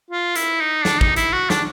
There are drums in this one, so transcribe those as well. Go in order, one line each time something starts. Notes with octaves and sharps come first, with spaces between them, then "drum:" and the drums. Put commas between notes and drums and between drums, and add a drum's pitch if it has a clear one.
F4
E4, drum: hi-hat
D#4
D4, drum: snare
D#4, drum: kick G#1
E4, drum: hi-hat
F#4
D4, drum: snare